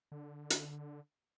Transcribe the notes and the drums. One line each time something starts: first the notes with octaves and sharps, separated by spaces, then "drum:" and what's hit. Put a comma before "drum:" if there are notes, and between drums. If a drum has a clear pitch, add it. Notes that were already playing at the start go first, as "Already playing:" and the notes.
D3
drum: hi-hat